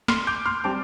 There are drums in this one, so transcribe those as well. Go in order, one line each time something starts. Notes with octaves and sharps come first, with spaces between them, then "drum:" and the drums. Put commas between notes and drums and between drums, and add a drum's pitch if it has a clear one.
C6 F6, drum: snare
D6 G6
C6 F6
G3 C4 A5 D6